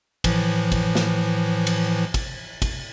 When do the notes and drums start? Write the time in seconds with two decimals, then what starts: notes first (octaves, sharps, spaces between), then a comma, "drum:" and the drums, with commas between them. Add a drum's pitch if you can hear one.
0.24 A2 E3 F3, drum: kick, cymbal
0.72 drum: kick, cymbal
0.95 drum: snare
1.67 drum: cymbal
2.14 drum: kick, cymbal
2.62 drum: kick, cymbal